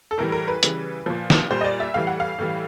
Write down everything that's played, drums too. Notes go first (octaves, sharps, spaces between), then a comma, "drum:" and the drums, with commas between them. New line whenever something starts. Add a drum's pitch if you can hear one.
A4
A2 E3 G3 A#4
A#4
B4
C#3 E3 G3, drum: hi-hat
A#2 F3
drum: snare
A#2 G3 C5
D#5
D5
E5
A2 E3 G3 F5
F#5
F5
A2 E3 G3